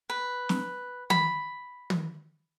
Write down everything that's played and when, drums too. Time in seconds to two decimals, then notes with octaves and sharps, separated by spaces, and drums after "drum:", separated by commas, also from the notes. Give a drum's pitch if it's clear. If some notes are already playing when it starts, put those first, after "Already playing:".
0.10 B4
0.49 drum: snare
1.10 B5, drum: tom
1.90 drum: tom